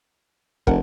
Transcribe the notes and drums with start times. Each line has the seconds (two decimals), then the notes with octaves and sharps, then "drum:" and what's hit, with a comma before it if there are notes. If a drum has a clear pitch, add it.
0.67 F1 A#4 F#5, drum: kick